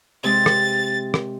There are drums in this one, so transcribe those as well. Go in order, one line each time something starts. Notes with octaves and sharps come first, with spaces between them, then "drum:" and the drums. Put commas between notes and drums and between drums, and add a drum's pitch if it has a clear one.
C3 G#3 A6
drum: rim click
drum: rim click